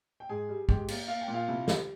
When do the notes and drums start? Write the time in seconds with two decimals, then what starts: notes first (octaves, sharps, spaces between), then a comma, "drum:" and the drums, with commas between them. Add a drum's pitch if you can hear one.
0.20 G5
0.29 G#2 G#4 G#5
0.49 G3
0.69 G#2 G4 G5, drum: kick
0.88 A#3, drum: cymbal
1.08 A#3 F5
1.21 G5
1.28 A#2
1.34 F4 F5
1.48 C2
1.68 G3, drum: snare